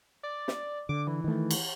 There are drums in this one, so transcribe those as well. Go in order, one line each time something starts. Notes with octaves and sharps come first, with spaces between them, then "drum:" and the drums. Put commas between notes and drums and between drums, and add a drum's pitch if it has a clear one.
D5
drum: snare
D3 D6
E3
D#3 A3
drum: cymbal